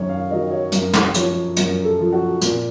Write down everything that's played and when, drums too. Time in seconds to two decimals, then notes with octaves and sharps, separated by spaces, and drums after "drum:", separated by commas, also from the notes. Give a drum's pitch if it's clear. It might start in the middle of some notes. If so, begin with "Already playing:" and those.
Already playing: F#2 D#3 F#3 C#5
0.09 F5
0.30 D#3 F#3 D#5
0.51 C#5
0.72 F#2 A#4, drum: hi-hat
0.93 drum: snare
1.14 F3 C#5, drum: hi-hat
1.57 F#2 A#4, drum: hi-hat
1.85 A4
1.99 F3
2.13 F#4
2.41 A#2, drum: hi-hat